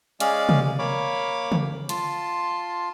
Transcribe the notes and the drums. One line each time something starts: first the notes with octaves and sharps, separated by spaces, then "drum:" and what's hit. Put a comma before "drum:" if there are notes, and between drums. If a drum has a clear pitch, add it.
G#3 C#4 D5 F5, drum: hi-hat
drum: tom C3
A#3 C#5 B5 D6
drum: tom C#3
F4 A5 C6, drum: hi-hat